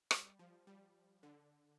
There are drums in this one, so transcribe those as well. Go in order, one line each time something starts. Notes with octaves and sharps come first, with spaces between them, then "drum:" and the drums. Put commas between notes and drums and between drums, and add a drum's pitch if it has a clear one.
G3, drum: rim click
F3
G3
D3